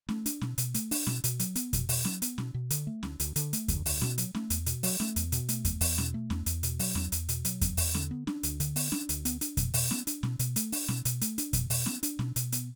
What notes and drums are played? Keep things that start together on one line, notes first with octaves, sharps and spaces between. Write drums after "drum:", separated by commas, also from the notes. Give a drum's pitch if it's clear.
A3, drum: snare C#4
D4, drum: hi-hat
B2, drum: snare C#4
B2, drum: hi-hat
A3, drum: hi-hat
D4, drum: open hi-hat
B2, drum: snare C#4
B2, drum: hi-hat
F#3, drum: hi-hat
B3, drum: hi-hat
B2, drum: kick F2, hi-hat
B2, drum: open hi-hat
F#3, drum: snare C#4
B3, drum: hi-hat
B2, drum: snare C#4
B2
D3, drum: hi-hat
A3
D2, drum: snare C#4
D2, drum: hi-hat
D3, drum: hi-hat
A3, drum: hi-hat
D2, drum: kick F2, hi-hat
D2, drum: open hi-hat
B2, drum: snare C#4
F#3, drum: hi-hat
A3, drum: snare C#4
E2, drum: hi-hat
B2, drum: hi-hat
F#3, drum: open hi-hat
A3, drum: snare C#4
E2, drum: hi-hat
B2, drum: hi-hat
A3, drum: hi-hat
E2, drum: kick F2, hi-hat
E2, drum: open hi-hat
B2, drum: snare C#4
A3
E2, drum: snare C#4
E2, drum: hi-hat
B2, drum: hi-hat
F#3, drum: open hi-hat
E2, drum: snare C#4
E2, drum: hi-hat
B2, drum: hi-hat
F#3, drum: hi-hat
E2, drum: kick F2, hi-hat
E2, drum: open hi-hat
D3, drum: snare C#4
B3
D4, drum: snare C#4
D2, drum: hi-hat
D3, drum: hi-hat
B3, drum: open hi-hat
D4, drum: snare C#4
D2, drum: hi-hat
B3, drum: hi-hat
D4, drum: hi-hat
B2, drum: kick F2, hi-hat
B2, drum: open hi-hat
B3, drum: snare C#4
D4, drum: hi-hat
B2, drum: snare C#4
B2, drum: hi-hat
A3, drum: hi-hat
D4, drum: open hi-hat
B2, drum: snare C#4
B2, drum: hi-hat
A3, drum: hi-hat
D4, drum: hi-hat
B2, drum: kick F2, hi-hat
B2, drum: open hi-hat
B3, drum: snare C#4
D4, drum: hi-hat
B2, drum: snare C#4
B2, drum: hi-hat
B3, drum: hi-hat